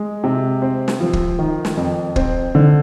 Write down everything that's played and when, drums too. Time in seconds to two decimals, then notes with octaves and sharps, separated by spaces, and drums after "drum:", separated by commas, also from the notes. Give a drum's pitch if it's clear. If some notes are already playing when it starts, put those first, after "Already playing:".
Already playing: G#3
0.24 C3
0.62 C4
0.88 drum: snare
1.00 F3
1.13 drum: kick
1.39 D#3
1.65 drum: snare
1.77 F2
2.16 C4, drum: kick
2.55 D3